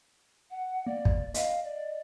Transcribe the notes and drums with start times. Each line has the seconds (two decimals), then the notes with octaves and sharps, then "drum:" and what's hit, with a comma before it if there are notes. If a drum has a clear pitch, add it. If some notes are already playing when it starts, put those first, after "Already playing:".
0.51 F#5
0.87 A#3 D5
1.05 drum: kick
1.34 D#5 F5, drum: hi-hat
1.64 D5